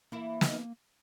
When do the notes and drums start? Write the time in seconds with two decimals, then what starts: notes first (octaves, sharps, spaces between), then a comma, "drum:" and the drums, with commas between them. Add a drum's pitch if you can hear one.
0.12 E3 A#3 E4
0.41 D#3 D#4, drum: snare